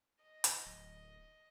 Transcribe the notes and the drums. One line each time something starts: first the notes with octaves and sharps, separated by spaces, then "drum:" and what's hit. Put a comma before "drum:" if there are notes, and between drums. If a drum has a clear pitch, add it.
D#5
drum: hi-hat
D1